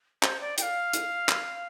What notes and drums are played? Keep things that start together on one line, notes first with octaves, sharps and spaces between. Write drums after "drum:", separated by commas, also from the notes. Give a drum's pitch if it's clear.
C5, drum: clap
D5
G5, drum: hi-hat
F5
drum: hi-hat
drum: clap